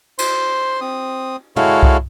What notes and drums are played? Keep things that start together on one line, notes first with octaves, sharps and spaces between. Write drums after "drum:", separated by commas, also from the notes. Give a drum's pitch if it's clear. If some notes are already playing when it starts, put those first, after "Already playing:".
C5 C6, drum: cymbal
C4 D#6
G#3 E4 F#4 A4 C#5 F5, drum: tom
drum: kick C2